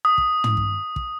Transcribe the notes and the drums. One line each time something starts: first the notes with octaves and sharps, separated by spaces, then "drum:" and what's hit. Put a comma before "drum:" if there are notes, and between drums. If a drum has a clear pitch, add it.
D#6
drum: kick
drum: tom
drum: kick
drum: kick